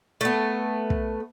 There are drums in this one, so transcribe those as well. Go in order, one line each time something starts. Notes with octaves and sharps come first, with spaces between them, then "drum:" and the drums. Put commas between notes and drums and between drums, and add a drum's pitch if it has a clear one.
A3 B3
drum: kick